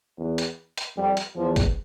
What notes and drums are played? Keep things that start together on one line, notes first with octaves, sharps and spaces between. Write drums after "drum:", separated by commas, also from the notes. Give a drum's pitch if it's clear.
E2
drum: hi-hat
drum: hi-hat
F2 G3
drum: hi-hat
E2 F3
drum: kick, hi-hat